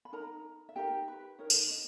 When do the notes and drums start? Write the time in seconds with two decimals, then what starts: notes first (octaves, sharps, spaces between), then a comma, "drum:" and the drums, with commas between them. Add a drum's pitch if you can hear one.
0.05 B5
0.13 D#4 A#4 A#5
0.69 E5
0.76 D#4 G4 A#4 G5
1.08 B4
1.38 D#4 A#4 C#5
1.50 drum: tambourine
1.70 D#4 D#5